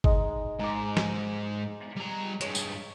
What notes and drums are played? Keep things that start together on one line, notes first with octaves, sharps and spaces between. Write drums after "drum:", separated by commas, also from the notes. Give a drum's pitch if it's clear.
G#3 D#4, drum: kick G1
G#2 A#5 D6
drum: snare
G3 A#5
G2 G#3 C#5, drum: hi-hat
drum: tambourine